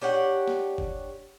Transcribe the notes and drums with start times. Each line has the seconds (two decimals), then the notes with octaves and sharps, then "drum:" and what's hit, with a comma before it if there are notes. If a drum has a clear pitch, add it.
0.01 D4 G4 C#5 F#5
0.47 drum: snare
0.78 drum: kick